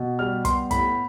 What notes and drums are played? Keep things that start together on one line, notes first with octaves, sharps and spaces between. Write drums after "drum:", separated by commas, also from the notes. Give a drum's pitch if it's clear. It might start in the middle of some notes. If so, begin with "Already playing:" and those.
Already playing: B2
G3 F6
B3 C6, drum: kick, hi-hat
A2 B5, drum: kick, hi-hat